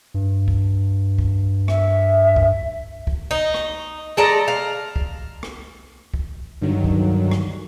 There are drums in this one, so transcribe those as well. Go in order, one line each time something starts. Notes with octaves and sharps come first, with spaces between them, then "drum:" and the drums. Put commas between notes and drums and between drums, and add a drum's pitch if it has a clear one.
G2
drum: kick
drum: kick
E5, drum: rim click
drum: kick
drum: kick
D#4
drum: rim click
G#3 A4 D5 A#5
F5
drum: kick
drum: rim click
drum: kick
G2 D3 D#3 F#3
drum: kick
drum: rim click